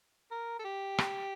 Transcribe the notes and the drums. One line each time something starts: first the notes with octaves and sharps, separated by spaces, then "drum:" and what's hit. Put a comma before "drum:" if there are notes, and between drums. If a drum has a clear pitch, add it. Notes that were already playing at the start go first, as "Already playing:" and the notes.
A#4
A4
G4
drum: rim click